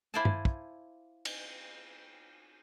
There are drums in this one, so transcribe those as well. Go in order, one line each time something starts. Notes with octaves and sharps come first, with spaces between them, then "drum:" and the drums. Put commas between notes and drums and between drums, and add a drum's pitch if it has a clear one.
E4 C5 D5 F5 G#5 A5
drum: tom
drum: kick
drum: cymbal